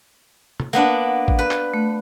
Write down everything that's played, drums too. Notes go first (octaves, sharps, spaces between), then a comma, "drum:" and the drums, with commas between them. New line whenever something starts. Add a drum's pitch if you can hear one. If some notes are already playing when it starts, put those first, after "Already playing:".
drum: tom
A#3 B3 D4 F#5
drum: kick A1
B4
drum: clap
A3